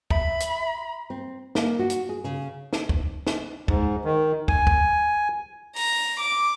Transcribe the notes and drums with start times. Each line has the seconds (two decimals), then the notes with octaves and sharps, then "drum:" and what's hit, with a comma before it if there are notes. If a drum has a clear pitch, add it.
0.10 E5 B5, drum: kick
0.40 drum: hi-hat
1.10 C4
1.55 A#3, drum: snare
1.79 F#4
1.90 drum: hi-hat
2.09 G#4
2.24 C#3
2.73 drum: snare
2.89 drum: kick
3.27 drum: snare
3.68 G#2, drum: kick
4.04 D#3
4.48 G#5, drum: kick
4.67 drum: kick
5.76 A#5, drum: open hi-hat
6.20 D6